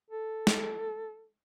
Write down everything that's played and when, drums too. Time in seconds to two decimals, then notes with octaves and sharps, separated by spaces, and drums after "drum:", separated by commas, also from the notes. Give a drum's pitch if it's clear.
0.10 A4
0.47 drum: snare